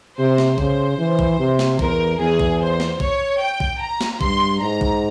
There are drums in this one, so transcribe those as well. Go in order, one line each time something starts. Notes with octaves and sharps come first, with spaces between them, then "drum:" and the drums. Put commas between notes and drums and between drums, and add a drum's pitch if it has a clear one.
C3 C5
drum: snare
C#3 C5, drum: kick
E3
drum: kick
C3
drum: snare
E2 A#4, drum: kick
E2 G#4
drum: kick
C5
drum: snare
C#5, drum: kick
G5
drum: kick
A#5
drum: snare
G2 C6, drum: kick
G#2 A#5
drum: kick